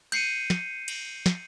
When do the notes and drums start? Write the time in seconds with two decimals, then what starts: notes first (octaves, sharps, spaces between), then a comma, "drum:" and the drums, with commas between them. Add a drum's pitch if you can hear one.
0.12 G6 C7 C#7 D#7, drum: cymbal
0.50 drum: snare
0.88 drum: cymbal
1.26 drum: snare